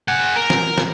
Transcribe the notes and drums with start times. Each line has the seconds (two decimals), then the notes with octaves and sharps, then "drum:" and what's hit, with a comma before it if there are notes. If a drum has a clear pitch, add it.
0.08 G#4 F#5
0.36 A#4
0.50 drum: snare
0.78 drum: snare